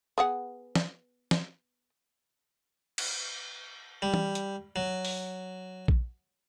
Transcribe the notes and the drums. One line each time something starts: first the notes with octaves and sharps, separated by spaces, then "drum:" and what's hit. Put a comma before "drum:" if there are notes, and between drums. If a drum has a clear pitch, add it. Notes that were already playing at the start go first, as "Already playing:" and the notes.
B3 G#4 F#5
drum: snare
drum: snare
drum: cymbal
G3
drum: tom
drum: hi-hat
F#3
drum: open hi-hat
drum: kick A#1